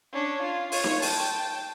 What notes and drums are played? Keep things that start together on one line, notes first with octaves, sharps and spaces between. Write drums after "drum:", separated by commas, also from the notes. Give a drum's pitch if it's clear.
C#4 D4
F4
F4 C#5, drum: open hi-hat
drum: snare D#4
G5 A5, drum: open hi-hat